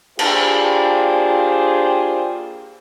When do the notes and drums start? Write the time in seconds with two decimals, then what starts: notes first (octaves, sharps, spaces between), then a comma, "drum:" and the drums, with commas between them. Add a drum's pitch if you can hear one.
0.19 A#3 D4 F4 G4 G#4 C5, drum: cymbal